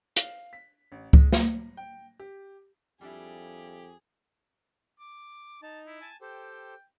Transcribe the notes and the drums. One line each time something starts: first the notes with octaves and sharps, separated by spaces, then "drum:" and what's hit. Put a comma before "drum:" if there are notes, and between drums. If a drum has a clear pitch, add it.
F5, drum: hi-hat
B6
A1
G#3, drum: kick C#2
A#6, drum: snare
G5
G4
F2 G3 D4 E4 G4 G#4
D6
D#4 A5
E4
G#5 A5
G4 A4 C5 G5